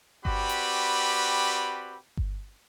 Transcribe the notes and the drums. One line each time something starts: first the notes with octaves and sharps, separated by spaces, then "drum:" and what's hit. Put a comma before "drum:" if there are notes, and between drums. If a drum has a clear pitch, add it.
C4 F#4 G4 B4 D5 B5, drum: kick G1
drum: hi-hat
drum: kick G1